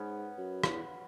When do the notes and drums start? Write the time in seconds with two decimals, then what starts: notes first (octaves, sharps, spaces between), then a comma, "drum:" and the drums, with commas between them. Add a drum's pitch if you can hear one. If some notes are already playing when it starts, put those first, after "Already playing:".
Already playing: G#2 B3 C#4
0.38 F#2
0.64 E2, drum: rim click